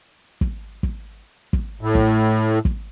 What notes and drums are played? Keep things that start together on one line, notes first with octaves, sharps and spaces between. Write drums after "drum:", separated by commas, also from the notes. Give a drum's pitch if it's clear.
drum: kick
drum: kick
drum: kick
A2
drum: kick
drum: kick